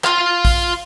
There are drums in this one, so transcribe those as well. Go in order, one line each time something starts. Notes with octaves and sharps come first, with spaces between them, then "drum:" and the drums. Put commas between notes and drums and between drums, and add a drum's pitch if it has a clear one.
F4 F5, drum: clap
drum: kick A#1, open hi-hat